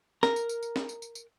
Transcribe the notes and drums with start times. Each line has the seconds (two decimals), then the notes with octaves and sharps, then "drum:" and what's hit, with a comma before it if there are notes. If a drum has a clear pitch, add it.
0.23 A#4, drum: snare
0.36 drum: tambourine
0.49 drum: tambourine
0.63 drum: tambourine
0.76 drum: snare
0.89 drum: tambourine
1.02 drum: tambourine
1.15 drum: tambourine